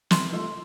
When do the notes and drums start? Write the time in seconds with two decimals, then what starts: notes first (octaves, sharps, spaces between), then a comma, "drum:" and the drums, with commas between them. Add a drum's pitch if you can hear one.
0.11 C3 C6, drum: snare
0.32 F3 A3